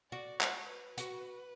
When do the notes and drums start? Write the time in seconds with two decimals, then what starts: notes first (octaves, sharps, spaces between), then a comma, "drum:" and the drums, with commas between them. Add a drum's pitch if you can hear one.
0.11 F#4 D5
0.41 C#5, drum: clap
0.69 B4
0.98 F#4, drum: hi-hat